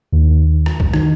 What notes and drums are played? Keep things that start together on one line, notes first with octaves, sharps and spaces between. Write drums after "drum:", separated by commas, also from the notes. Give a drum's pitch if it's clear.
D#2
drum: rim click
drum: kick B1
D#3, drum: rim click